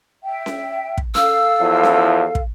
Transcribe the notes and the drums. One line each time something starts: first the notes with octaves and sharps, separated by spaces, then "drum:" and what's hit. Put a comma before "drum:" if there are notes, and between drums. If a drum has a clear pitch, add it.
E5 G5
drum: snare C#4
drum: kick
A4 F5 E6, drum: snare C#4
E2 F3 E4
drum: snare C#4
drum: kick